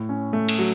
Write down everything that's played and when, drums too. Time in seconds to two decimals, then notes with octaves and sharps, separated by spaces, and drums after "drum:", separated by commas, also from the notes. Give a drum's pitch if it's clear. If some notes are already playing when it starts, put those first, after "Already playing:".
Already playing: A2
0.09 C#4
0.33 A3
0.49 drum: cymbal
0.59 F#3